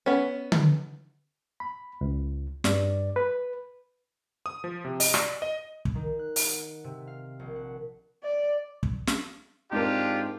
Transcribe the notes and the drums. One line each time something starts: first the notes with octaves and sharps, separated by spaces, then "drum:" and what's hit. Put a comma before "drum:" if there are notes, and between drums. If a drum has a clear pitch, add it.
B3 C#4
drum: tom D3
B5
C#2
G2 D5, drum: snare
B4
D#6
F3
C3
D#5, drum: open hi-hat
D5, drum: rim click
D#5
drum: kick
D#3
F#6
F#5, drum: open hi-hat
C3
F5
A#1
F#5
D5
drum: kick
drum: snare
G#2 C4 D4 F4 G4 A#4